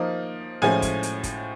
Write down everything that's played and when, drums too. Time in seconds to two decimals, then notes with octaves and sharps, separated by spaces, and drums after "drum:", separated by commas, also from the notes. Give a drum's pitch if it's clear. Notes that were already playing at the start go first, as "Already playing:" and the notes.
Already playing: F3 A#3 D#4
0.62 A2 F3 G#3 C#4 G#5, drum: snare
0.82 drum: kick, hi-hat
1.03 drum: hi-hat
1.23 drum: kick, hi-hat